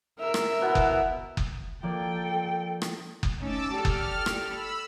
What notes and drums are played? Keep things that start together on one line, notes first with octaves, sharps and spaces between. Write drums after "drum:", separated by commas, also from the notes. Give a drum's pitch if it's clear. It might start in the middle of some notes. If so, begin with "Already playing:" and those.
A#4 E5
drum: rim click
B2 B3 E4
drum: kick F#1
drum: kick F#1
F3 A#3 A4 D5 G5
drum: rim click
drum: kick F#1
A3 C#4 D#4 A5 D6 E6
G4 A4 D5 F6
drum: kick F#1
drum: rim click
B5 E6